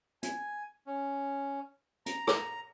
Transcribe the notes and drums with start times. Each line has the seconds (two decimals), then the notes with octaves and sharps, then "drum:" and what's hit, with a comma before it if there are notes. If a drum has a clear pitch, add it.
0.23 G#5, drum: hi-hat
0.87 C#4
2.06 A#5, drum: hi-hat
2.27 drum: rim click